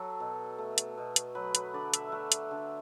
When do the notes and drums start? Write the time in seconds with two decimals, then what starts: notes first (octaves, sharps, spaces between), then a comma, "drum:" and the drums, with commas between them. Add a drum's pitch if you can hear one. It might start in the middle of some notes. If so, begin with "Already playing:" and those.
Already playing: F#3 A4
0.20 B2
0.58 A3
0.78 drum: hi-hat
0.98 B2
1.16 drum: hi-hat
1.35 F#3 B4
1.55 B4, drum: hi-hat
1.74 D3 D5
1.94 E5, drum: hi-hat
2.07 A3 E5 F#5
2.32 drum: hi-hat
2.51 D3